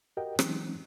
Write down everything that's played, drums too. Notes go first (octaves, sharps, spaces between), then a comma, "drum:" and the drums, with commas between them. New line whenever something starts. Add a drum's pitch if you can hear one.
F#4 G4 A#4 D#5 F#5 G5
E3 F#3 G#3 C4 C#4 D#4, drum: rim click